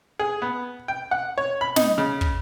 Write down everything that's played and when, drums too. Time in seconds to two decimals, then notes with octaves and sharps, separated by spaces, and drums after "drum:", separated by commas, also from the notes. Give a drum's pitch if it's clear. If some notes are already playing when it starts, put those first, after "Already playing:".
0.19 G#4
0.42 B3
0.88 G5
1.11 F#5
1.38 C#5
1.61 B5
1.76 D#4, drum: snare
1.98 C#3
2.21 drum: kick